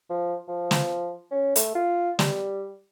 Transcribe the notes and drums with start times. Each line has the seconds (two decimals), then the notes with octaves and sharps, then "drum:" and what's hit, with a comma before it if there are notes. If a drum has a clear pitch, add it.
0.10 F3
0.48 F3
0.71 drum: snare
1.31 C#4
1.56 A3, drum: hi-hat
1.75 F4
2.19 G3, drum: snare